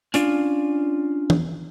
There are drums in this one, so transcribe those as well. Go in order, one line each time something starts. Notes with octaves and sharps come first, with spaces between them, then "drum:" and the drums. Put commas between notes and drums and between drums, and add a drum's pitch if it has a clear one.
C#4 D4 F4, drum: hi-hat
drum: tom